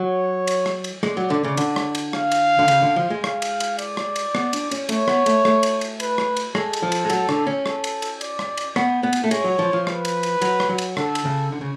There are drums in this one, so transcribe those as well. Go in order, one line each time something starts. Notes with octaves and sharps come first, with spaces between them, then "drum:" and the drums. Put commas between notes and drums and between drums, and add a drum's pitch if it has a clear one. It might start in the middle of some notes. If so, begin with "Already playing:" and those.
Already playing: F#3 C#5
drum: cymbal
drum: rim click
drum: cymbal
G#3 D5, drum: rim click
F#3
D3
C#3
D3, drum: cymbal
drum: rim click
drum: cymbal
F5, drum: rim click
drum: cymbal
D3
C#3, drum: cymbal
D3
F3
G#3
F5, drum: rim click
drum: cymbal
drum: cymbal
D5, drum: cymbal
drum: rim click
drum: cymbal
B3, drum: rim click
D4, drum: cymbal
C#4, drum: cymbal
A3 C#5, drum: cymbal
B3, drum: rim click
A3, drum: cymbal
A3, drum: rim click
drum: cymbal
drum: cymbal
B4, drum: cymbal
drum: rim click
drum: cymbal
G#3 A4, drum: rim click
drum: cymbal
F3
drum: cymbal
G#3
F#3, drum: cymbal
D3, drum: rim click
C#4
A4, drum: rim click
drum: cymbal
drum: cymbal
D5, drum: cymbal
drum: rim click
drum: cymbal
B3, drum: rim click
B3
drum: cymbal
A3
G#3 C#5, drum: cymbal
F#3
F3
F3
B4, drum: rim click
drum: cymbal
drum: cymbal
F#3, drum: cymbal
drum: rim click
F#3
drum: cymbal
D3 A4, drum: rim click
drum: cymbal
C#3
D3
C#3